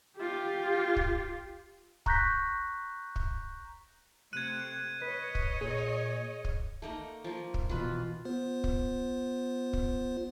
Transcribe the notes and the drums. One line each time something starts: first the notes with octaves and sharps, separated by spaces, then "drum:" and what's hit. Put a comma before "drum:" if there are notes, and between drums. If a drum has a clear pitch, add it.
F4 G4
drum: kick
A#5 C#6 F#6 G6 A#6 B6, drum: kick
drum: kick
C3 A3 F#6 G#6 D#7
B4 C#5 D#5
drum: kick
A#2 G#4
drum: kick
A3 A#3 D#4
F3 A#3
drum: kick
B2 E3 F4 B4
B3 F4 C5
drum: kick
drum: kick